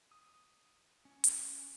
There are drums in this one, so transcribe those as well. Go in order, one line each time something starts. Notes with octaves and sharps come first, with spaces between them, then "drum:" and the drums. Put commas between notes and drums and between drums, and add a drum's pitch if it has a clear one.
D#6
C#4
drum: hi-hat